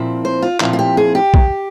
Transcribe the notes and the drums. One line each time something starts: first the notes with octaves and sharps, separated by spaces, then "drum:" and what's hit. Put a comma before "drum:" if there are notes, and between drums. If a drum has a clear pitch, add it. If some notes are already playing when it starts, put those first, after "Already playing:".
Already playing: A#2 F3 C4 E4
C5
F4
A#2 F3 C4 E4 F4, drum: clap
F4
G4
G#4
G4
drum: kick A#1